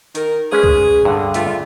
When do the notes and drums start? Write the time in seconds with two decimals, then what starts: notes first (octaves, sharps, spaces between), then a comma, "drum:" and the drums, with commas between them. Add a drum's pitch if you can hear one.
0.15 D#3 A#4, drum: hi-hat
0.52 G#3 C#4 G#4 B4
0.64 drum: kick
1.05 G2 D3
1.34 A3 F4, drum: hi-hat